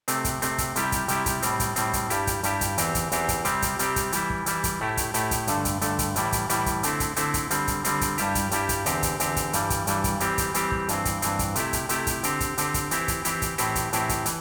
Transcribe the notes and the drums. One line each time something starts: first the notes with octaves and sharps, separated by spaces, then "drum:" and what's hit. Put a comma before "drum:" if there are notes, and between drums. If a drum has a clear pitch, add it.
C3 A3 C4, drum: hi-hat
drum: kick, hi-hat
C3 A3 C4, drum: hi-hat
drum: kick, hi-hat
C3 G3 E4 G4, drum: hi-hat
drum: kick, hi-hat
C3 G3 E4 G4, drum: hi-hat
drum: kick, hi-hat
A2 G3 C4, drum: hi-hat
drum: kick, hi-hat
A2 G3 C4, drum: hi-hat
drum: kick, hi-hat
G2 G3 E4 G4, drum: hi-hat
drum: kick, hi-hat
G2 G3 E4 G4, drum: hi-hat
drum: kick, hi-hat
E2 E3 C4 G4, drum: hi-hat
drum: kick, hi-hat
E2 E3 C4 G4, drum: hi-hat
drum: kick, hi-hat
C3 G3 C4 G4, drum: hi-hat
drum: kick, hi-hat
C3 G3 C4 G4, drum: hi-hat
drum: kick, hi-hat
E3 G3 E4, drum: hi-hat
drum: kick
E3 G3 E4, drum: hi-hat
drum: kick, hi-hat
A2 A3 E4 G4
drum: kick, hi-hat
A2 A3 E4 G4, drum: hi-hat
drum: kick, hi-hat
G2 D3 A3, drum: hi-hat
drum: kick, hi-hat
G2 D3 A3, drum: hi-hat
drum: kick, hi-hat
A2 E3 G3 E4, drum: hi-hat
drum: kick, hi-hat
A2 E3 G3 E4, drum: hi-hat
drum: kick, hi-hat
D3 A3 C4 E4, drum: hi-hat
drum: kick, hi-hat
D3 A3 C4 E4, drum: hi-hat
drum: kick, hi-hat
D3 G3 C4, drum: hi-hat
drum: kick, hi-hat
D3 G3 C4, drum: hi-hat
drum: kick, hi-hat
G2 G3 E4 G4, drum: hi-hat
drum: kick, hi-hat
G2 G3 E4 G4, drum: hi-hat
drum: kick, hi-hat
E2 D3 C4 G4, drum: hi-hat
drum: kick, hi-hat
E2 D3 C4 G4, drum: hi-hat
drum: kick, hi-hat
G2 E3 G3, drum: hi-hat
drum: kick, hi-hat
G2 E3 G3, drum: hi-hat
drum: kick, hi-hat
E3 G3 C4 G4, drum: hi-hat
drum: kick, hi-hat
E3 G3 C4 G4, drum: hi-hat
drum: kick
G2 E3 C4, drum: hi-hat
drum: kick, hi-hat
G2 E3 C4, drum: hi-hat
drum: kick, hi-hat
C3 A3 E4 G4, drum: hi-hat
drum: kick, hi-hat
C3 A3 E4 G4, drum: hi-hat
drum: kick, hi-hat
D3 C4 G4, drum: hi-hat
drum: kick, hi-hat
D3 C4 G4, drum: hi-hat
drum: kick, hi-hat
E3 C4 E4 G4, drum: hi-hat
drum: kick, hi-hat
E3 C4 E4 G4, drum: hi-hat
drum: kick, hi-hat
A2 E3 C4 E4 G4, drum: hi-hat
drum: kick, hi-hat
A2 E3 C4 E4 G4, drum: hi-hat
drum: kick, hi-hat
E3, drum: hi-hat